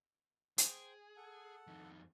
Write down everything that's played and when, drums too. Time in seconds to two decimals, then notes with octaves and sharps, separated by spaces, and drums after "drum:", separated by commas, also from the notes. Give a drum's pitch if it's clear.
0.58 G#4 C5 G5, drum: hi-hat
1.17 A4 F#5
1.67 F2 D#3